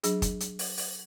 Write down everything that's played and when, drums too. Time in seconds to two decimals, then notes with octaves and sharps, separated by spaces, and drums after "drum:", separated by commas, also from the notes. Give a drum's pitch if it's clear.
0.03 F#3 D4 G#4, drum: hi-hat
0.22 drum: kick, hi-hat
0.40 drum: hi-hat
0.59 drum: open hi-hat
0.77 drum: open hi-hat